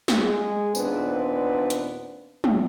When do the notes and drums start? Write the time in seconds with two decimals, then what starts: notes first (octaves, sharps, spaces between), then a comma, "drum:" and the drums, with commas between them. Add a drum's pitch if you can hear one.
0.08 drum: snare
0.23 G#3 G#4
0.75 D#2 A#2 B3 C4 D4 B4, drum: tambourine
1.70 drum: hi-hat
2.44 drum: tom